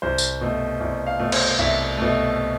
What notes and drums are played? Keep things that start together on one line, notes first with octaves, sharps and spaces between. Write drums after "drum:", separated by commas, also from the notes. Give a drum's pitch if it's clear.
C2 C5
drum: tambourine
B2 A3
C2
F5
B2 A3
C5, drum: cymbal
C2 E5
B2 A3